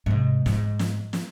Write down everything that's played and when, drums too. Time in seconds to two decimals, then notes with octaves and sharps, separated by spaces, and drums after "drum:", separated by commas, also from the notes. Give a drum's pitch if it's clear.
0.06 G#2 C3
0.46 G#2, drum: snare
0.79 drum: snare
1.13 drum: snare